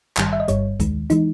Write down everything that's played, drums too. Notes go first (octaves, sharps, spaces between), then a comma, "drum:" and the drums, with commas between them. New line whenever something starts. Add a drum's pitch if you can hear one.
G#1 G2 D#3 G3, drum: clap
E5
D#5
G1 G2 G3 C#5, drum: hi-hat
D#2 D#3 G#3, drum: kick C2, hi-hat
E3 G#3 D#4, drum: hi-hat